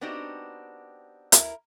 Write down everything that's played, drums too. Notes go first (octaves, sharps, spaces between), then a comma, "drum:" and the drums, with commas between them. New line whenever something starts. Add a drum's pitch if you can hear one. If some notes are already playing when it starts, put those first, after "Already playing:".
B3 C4 D4 D#4 F#4 G4
E4 A#4, drum: hi-hat